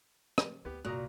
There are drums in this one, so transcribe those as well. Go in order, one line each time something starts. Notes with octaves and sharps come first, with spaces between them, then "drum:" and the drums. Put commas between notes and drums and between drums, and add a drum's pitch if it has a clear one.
drum: rim click
D2 B3 G4
C2 G2 A#2 F#4 A#5 D#6 F#6